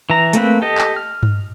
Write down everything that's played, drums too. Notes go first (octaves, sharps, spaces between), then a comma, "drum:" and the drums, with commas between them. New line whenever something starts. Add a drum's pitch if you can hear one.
E3 A#5
A3 A#3 C4 B4, drum: hi-hat
G4 A4 D#5
drum: clap
F6
drum: tom G2